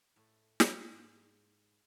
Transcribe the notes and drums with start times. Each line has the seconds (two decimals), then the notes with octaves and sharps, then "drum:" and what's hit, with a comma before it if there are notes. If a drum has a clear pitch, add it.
0.16 A2
0.60 drum: snare
0.92 G#2